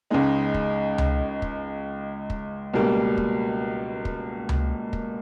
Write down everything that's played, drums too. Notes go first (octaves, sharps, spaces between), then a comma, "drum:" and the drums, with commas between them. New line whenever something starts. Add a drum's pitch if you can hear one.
C#2 C#3 G#3 D#4
drum: kick
drum: tom C#2
drum: kick
drum: kick
C#2 B2 G3 A#3
drum: kick
drum: kick
drum: tom C#2
drum: kick